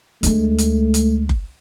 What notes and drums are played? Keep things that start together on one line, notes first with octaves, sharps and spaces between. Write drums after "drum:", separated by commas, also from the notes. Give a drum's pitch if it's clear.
D2 G#3 A3, drum: hi-hat
drum: hi-hat
drum: hi-hat
drum: kick F#1